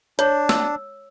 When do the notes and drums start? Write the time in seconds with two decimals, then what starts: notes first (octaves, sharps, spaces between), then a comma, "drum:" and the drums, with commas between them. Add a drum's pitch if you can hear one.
0.19 D4 C#5, drum: hi-hat
0.49 E6, drum: snare